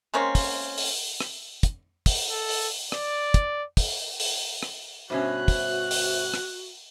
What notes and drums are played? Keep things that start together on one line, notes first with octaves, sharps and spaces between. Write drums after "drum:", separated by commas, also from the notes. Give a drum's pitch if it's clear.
G#3 A#3 C4 C#4
drum: kick, open hi-hat
drum: open hi-hat
drum: rim click
drum: kick, hi-hat
drum: kick, open hi-hat
A4
drum: open hi-hat
D5, drum: rim click
drum: kick, hi-hat
drum: kick, open hi-hat
drum: open hi-hat
drum: rim click
G2 B2 C#4 F#4 C5 E5 F#6
drum: kick, open hi-hat
drum: open hi-hat
drum: rim click